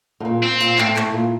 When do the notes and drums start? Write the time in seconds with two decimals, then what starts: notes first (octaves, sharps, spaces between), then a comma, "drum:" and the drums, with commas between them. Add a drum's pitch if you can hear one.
0.20 A2
0.25 A#2
0.43 C4
0.60 A#2, drum: tambourine
0.78 A2, drum: clap
0.96 A2, drum: clap
1.14 A#2